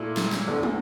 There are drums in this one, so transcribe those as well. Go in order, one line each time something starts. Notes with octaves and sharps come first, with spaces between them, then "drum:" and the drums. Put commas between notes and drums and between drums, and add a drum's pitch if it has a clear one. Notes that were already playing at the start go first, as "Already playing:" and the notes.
Already playing: A#2 A3 E4
drum: snare
drum: snare
E2 D3 A3
drum: tom